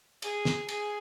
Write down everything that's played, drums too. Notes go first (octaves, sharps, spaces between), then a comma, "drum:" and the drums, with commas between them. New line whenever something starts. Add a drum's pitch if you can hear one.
G#4, drum: cymbal
drum: snare
G#4, drum: cymbal